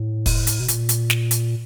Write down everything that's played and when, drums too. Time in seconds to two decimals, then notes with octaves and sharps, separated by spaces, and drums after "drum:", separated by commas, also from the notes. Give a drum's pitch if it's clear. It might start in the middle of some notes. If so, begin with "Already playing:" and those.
Already playing: A2
0.26 drum: kick, open hi-hat
0.47 drum: hi-hat
0.60 B2
0.68 A#2, drum: hi-hat
0.89 drum: hi-hat
1.10 drum: snare
1.31 drum: hi-hat